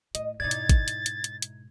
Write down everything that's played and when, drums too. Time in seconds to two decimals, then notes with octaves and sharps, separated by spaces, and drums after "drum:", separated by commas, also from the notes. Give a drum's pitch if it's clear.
0.15 A2 D#5, drum: hi-hat
0.40 G#2 B2 D#4 E4 D5 G#6 A6
0.51 drum: hi-hat
0.69 drum: kick G#1, hi-hat
0.88 drum: hi-hat
1.06 drum: hi-hat
1.24 drum: hi-hat
1.42 drum: hi-hat